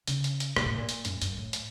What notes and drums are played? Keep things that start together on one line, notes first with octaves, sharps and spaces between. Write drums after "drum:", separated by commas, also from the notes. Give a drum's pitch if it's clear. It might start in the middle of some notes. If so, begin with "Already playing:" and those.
C#3, drum: hi-hat
drum: hi-hat
drum: hi-hat
A#2, drum: rim click
A2
A#2
drum: hi-hat
F#2, drum: hi-hat
F#2, drum: hi-hat
A2
drum: hi-hat